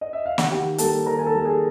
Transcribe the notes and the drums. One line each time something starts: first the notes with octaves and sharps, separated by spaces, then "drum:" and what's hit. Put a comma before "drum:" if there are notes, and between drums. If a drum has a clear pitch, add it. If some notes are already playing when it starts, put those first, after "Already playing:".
D#5
E5
F5
F#5, drum: snare
D#3 G4 G5
G3 A#3 A4 A5, drum: hi-hat
D#3 A#4 A#5
G#5
A4 A5
G3 A#3
G#4 G#5